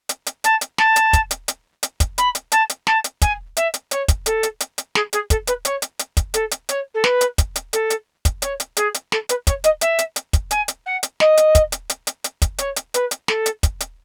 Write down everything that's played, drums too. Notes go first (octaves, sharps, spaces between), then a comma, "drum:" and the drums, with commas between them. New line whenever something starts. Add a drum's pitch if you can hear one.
drum: hi-hat
drum: hi-hat
A5, drum: hi-hat
drum: hi-hat
A5, drum: snare
drum: hi-hat
drum: kick, hi-hat
drum: hi-hat
drum: hi-hat
drum: hi-hat
drum: kick, hi-hat
B5, drum: hi-hat
drum: hi-hat
A5, drum: hi-hat
drum: hi-hat
A5, drum: snare
drum: hi-hat
G#5, drum: kick, hi-hat
E5, drum: hi-hat
drum: hi-hat
C#5, drum: hi-hat
drum: kick, hi-hat
A4, drum: hi-hat
drum: hi-hat
drum: hi-hat
drum: hi-hat
G#4, drum: snare
G#4, drum: hi-hat
A4, drum: kick, hi-hat
B4, drum: hi-hat
C#5, drum: hi-hat
drum: hi-hat
drum: hi-hat
drum: kick, hi-hat
A4, drum: hi-hat
drum: hi-hat
C#5, drum: hi-hat
A4
B4, drum: snare
drum: hi-hat
drum: kick, hi-hat
drum: hi-hat
A4, drum: hi-hat
drum: hi-hat
drum: kick, hi-hat
C#5, drum: hi-hat
drum: hi-hat
G#4, drum: hi-hat
drum: hi-hat
A4, drum: snare
B4, drum: hi-hat
C#5, drum: kick, hi-hat
D#5, drum: hi-hat
E5, drum: hi-hat
drum: hi-hat
drum: hi-hat
drum: kick, hi-hat
G#5, drum: hi-hat
drum: hi-hat
F#5
drum: hi-hat
D#5, drum: snare
drum: hi-hat
drum: kick, hi-hat
drum: hi-hat
drum: hi-hat
drum: hi-hat
drum: hi-hat
drum: kick, hi-hat
C#5, drum: hi-hat
drum: hi-hat
B4, drum: hi-hat
drum: hi-hat
A4, drum: snare
drum: hi-hat
drum: kick, hi-hat
drum: hi-hat